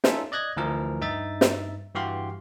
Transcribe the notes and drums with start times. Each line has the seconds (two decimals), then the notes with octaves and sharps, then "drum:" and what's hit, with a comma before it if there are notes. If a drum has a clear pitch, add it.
0.04 C#4 D#4 F4 A4 E5, drum: snare
0.32 D5 D#5 F#6 G#6 A#6
0.57 D2 E3 F3 A#4
1.01 G2 D#4 E5 A6
1.41 drum: snare
1.95 G2 E3 F#4 G4 F5 C6